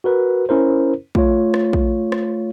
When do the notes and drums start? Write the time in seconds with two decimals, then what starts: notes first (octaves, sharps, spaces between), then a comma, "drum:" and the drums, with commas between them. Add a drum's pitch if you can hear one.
0.04 F#4 A#4 B4
0.49 C#4 E4 A#4 C5
1.15 A3 F4 C#5, drum: kick
1.54 drum: rim click
1.73 drum: kick
2.12 drum: rim click